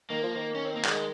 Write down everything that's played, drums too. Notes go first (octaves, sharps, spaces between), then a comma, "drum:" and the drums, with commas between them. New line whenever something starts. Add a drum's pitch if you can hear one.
D#3 A#3
F3
D#3
C#4
C4
A#3
G#3, drum: clap